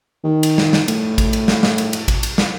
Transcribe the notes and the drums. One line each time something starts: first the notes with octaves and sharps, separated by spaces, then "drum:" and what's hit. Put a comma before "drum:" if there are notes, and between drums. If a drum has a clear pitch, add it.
D#3
drum: cymbal
drum: snare
drum: snare
A2, drum: cymbal
drum: kick A1, cymbal
drum: cymbal
drum: snare
drum: snare
drum: cymbal
drum: cymbal
drum: kick A1, cymbal
drum: cymbal
drum: snare